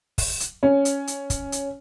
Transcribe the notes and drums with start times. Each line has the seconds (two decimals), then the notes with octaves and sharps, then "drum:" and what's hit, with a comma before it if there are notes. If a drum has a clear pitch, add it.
0.18 drum: kick, open hi-hat
0.40 drum: hi-hat
0.63 C#4
0.85 drum: hi-hat
1.07 drum: hi-hat
1.30 drum: kick, hi-hat
1.52 drum: hi-hat